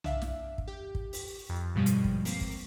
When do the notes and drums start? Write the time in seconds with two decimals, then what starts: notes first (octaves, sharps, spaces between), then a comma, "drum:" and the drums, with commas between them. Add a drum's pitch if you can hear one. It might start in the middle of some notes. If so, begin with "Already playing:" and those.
0.04 D4 E5 F5, drum: tom B1
0.22 drum: snare
0.58 drum: kick
0.68 G4
0.95 drum: kick
1.13 drum: open hi-hat
1.49 F2
1.75 G2 B2 F3 G3 G#3
1.86 drum: hi-hat
2.04 drum: kick
2.25 A#3 C4 C7, drum: open hi-hat
2.41 drum: kick